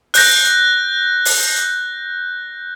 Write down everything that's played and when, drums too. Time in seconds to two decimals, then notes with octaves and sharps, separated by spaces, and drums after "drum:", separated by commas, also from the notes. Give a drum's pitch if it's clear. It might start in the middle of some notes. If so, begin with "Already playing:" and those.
0.14 F#6 G6 A#6, drum: open hi-hat
1.25 drum: open hi-hat